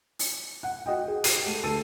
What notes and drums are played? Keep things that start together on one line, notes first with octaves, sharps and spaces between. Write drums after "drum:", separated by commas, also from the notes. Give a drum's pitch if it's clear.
drum: open hi-hat
F#5
F#4 D#5 G5
G#4
F#4 G4 C7 D#7, drum: hi-hat
A3
D2 A4 E6 D#7